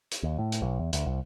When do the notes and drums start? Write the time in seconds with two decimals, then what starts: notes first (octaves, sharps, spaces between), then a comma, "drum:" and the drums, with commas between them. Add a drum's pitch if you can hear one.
0.11 drum: hi-hat
0.23 D#2
0.38 A2
0.52 drum: hi-hat
0.62 B1
0.79 E2
0.93 D2, drum: hi-hat
1.06 C2